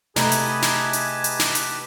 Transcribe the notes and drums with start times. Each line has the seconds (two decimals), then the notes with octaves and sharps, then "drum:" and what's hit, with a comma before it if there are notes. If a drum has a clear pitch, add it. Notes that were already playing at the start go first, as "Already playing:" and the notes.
0.16 C3 A3 D#4 E4 G4 G#4 B4 A5, drum: snare
0.32 drum: hi-hat
0.62 drum: snare
0.93 drum: hi-hat
1.24 drum: hi-hat
1.39 drum: snare
1.55 drum: hi-hat